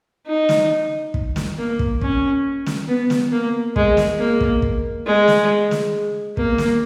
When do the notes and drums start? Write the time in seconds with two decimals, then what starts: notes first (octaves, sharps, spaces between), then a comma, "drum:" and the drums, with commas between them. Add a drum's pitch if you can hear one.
0.27 D#4
0.49 drum: snare
1.14 drum: kick
1.36 drum: snare
1.58 A#3
1.79 drum: kick
2.01 C#4, drum: kick
2.66 drum: snare
2.88 B3
3.10 drum: snare
3.32 A#3
3.76 G#3, drum: kick
3.97 drum: snare
4.19 A#3
4.41 drum: kick
4.62 drum: kick
5.06 G#3
5.28 drum: snare
5.71 drum: snare
6.37 A#3, drum: kick
6.58 drum: snare